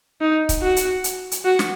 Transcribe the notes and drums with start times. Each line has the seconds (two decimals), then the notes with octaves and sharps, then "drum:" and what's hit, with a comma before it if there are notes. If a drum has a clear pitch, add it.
0.21 D#4
0.49 drum: kick C#1, hi-hat
0.63 F#4
0.76 drum: hi-hat
1.04 drum: hi-hat
1.32 drum: hi-hat
1.45 F#4
1.59 drum: snare